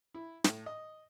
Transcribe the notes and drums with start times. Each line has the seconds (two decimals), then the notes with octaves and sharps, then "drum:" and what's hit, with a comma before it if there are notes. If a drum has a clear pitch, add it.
0.14 E4
0.44 A2, drum: snare
0.66 D#5